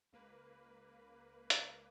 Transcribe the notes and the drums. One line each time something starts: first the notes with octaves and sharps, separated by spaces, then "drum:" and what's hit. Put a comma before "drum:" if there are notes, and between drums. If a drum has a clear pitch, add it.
C#2 A#3 B4
drum: hi-hat